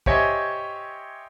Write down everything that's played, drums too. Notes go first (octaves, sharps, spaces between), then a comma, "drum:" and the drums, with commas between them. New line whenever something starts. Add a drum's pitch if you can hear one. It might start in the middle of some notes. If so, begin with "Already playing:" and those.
G4 C5 C#5 D#5 E5 G#5, drum: kick A#1